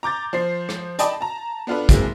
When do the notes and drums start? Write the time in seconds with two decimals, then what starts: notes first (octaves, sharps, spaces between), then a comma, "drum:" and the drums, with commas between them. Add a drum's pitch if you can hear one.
0.03 A#5 D6 G6 A6
0.33 F3 C5 C7
0.69 drum: rim click
0.99 D5 D#5 G5 A5 B5 D#6, drum: hi-hat
1.21 A5 A#5
1.67 B3 D4 F4 A4 B4
1.89 F#1 C3 G#3, drum: kick, hi-hat